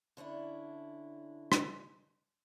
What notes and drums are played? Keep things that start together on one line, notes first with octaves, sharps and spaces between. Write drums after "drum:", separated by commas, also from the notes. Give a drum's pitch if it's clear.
D3 C#4 D4 E4
drum: rim click